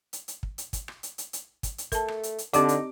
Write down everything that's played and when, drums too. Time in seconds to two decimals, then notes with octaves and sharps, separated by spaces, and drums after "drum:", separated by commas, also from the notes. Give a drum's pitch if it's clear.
0.13 drum: hi-hat
0.28 drum: hi-hat
0.43 drum: kick
0.58 drum: hi-hat
0.73 drum: kick, hi-hat
0.88 drum: rim click
1.03 drum: hi-hat
1.18 drum: hi-hat
1.33 drum: hi-hat
1.63 drum: kick, hi-hat
1.78 drum: hi-hat
1.92 A3 A#4 A5, drum: kick, hi-hat
2.08 drum: rim click
2.23 drum: hi-hat
2.38 drum: hi-hat
2.53 D3 C4 D#4 G4 D5 D6, drum: hi-hat
2.69 drum: hi-hat